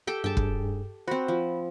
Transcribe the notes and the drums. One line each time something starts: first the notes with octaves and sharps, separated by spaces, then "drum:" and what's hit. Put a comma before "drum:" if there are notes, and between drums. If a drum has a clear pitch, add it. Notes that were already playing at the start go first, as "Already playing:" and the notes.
G4 A4 G5
G2 G#4 G5 A5
drum: kick
C4 F#4 C5 B5
F3